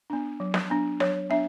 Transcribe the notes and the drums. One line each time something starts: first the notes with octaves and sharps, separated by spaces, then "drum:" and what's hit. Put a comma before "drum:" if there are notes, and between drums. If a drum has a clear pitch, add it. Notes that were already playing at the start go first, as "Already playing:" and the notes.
B3 D4
F#3
drum: snare
B3 D4
F#3 C#5, drum: snare
B3 D4 E5